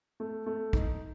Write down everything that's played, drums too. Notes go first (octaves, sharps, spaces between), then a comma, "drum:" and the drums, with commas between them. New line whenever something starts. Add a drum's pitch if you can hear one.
A3
A3
D#4, drum: kick